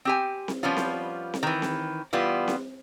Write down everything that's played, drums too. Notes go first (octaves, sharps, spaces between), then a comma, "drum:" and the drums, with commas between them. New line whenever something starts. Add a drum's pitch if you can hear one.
C4 G4 G#5
drum: snare C4
F3 G3 B3 C#4 F4
drum: snare C4
drum: snare C4
D#3 E3
drum: snare C4
E3 G3 B3 F4
drum: snare C4